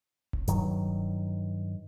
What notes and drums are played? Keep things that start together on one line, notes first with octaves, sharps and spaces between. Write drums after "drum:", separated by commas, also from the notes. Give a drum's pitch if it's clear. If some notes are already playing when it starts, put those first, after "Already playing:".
drum: kick D#1
G2 D#3 F#3, drum: hi-hat